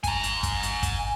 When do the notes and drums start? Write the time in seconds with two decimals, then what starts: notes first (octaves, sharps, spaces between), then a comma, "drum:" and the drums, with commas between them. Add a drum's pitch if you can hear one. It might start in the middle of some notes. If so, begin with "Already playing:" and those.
0.04 G#5 A#5, drum: kick, hi-hat
0.23 drum: hi-hat
0.43 drum: kick, hi-hat
0.63 drum: hi-hat
0.83 drum: kick, hi-hat